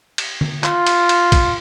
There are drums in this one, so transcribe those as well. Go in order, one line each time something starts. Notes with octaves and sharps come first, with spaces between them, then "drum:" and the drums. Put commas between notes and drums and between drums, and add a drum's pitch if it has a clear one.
drum: cymbal
drum: tom D3
F4, drum: clap
drum: cymbal
drum: cymbal
drum: kick, cymbal